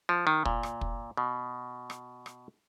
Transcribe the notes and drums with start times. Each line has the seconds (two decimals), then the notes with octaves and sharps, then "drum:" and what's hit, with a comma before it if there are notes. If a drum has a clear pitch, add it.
0.09 F3
0.27 D#3
0.46 A#2, drum: kick
0.63 drum: rim click
0.81 drum: kick
1.17 B2
1.90 drum: rim click
2.26 drum: rim click